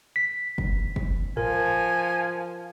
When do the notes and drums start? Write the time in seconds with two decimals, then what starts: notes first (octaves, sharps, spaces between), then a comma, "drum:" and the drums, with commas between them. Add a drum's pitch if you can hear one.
0.16 B6
0.58 drum: kick
0.96 drum: kick
1.37 F3 A#4 G#5, drum: tom G#2